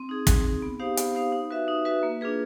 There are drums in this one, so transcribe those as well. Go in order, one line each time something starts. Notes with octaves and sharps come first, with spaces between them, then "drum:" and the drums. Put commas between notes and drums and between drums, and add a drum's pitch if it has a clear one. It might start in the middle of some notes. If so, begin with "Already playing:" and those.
Already playing: C4
D#4 G#4
C4, drum: kick, hi-hat
D#4 G#4
B3
D#4 G4 C5 F5
B3, drum: hi-hat
D#4 G4 C5 F5
D#4
F#4 B4 E5
D#4
F#4 B4 E5
A#3
D4 F4 G#4 B4